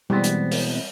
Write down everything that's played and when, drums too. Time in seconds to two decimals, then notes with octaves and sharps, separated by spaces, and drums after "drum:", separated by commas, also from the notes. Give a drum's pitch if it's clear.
0.10 B2 E3 G3 G#3 B3 C4
0.24 drum: hi-hat
0.51 drum: open hi-hat